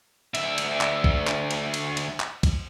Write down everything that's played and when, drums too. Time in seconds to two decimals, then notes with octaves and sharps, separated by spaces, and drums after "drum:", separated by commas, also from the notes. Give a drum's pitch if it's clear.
0.35 D2 E5, drum: cymbal
0.58 drum: cymbal
0.81 drum: clap
1.04 drum: kick
1.27 drum: clap
1.51 drum: cymbal
1.74 drum: cymbal
1.97 drum: cymbal
2.20 drum: clap
2.43 drum: kick, cymbal